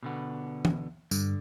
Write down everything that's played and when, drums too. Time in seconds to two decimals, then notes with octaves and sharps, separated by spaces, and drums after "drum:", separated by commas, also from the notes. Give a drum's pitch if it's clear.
0.03 B2 D3 B3
0.65 drum: tom
1.11 G2 D3, drum: tambourine